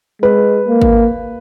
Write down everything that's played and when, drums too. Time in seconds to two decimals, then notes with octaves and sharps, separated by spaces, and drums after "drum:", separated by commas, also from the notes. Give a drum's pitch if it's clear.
0.22 G#3 B4
0.67 A#3
0.82 drum: kick G#1